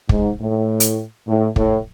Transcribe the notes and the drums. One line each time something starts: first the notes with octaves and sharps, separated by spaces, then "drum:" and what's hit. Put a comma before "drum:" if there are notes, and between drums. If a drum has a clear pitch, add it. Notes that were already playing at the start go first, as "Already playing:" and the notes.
G#2, drum: kick
A2
drum: hi-hat
A2
A2, drum: kick